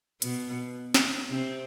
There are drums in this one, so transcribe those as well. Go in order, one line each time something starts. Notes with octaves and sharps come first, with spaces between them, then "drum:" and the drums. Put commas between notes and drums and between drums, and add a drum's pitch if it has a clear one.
B2 B3, drum: hi-hat
drum: snare
C3 C4